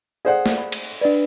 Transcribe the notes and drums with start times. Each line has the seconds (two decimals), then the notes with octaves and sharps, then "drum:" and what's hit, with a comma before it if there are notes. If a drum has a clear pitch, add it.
0.25 G#4 A4 C5 D5 F5 F#5
0.46 drum: snare
0.58 B5
0.72 drum: cymbal
1.01 D4 B4 D5 D#5 F#5